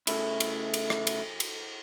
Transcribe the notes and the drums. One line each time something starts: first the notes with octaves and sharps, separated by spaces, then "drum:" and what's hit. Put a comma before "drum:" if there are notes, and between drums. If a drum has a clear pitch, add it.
C#3 A3 E4, drum: cymbal
drum: cymbal
drum: cymbal
drum: rim click
drum: cymbal
drum: cymbal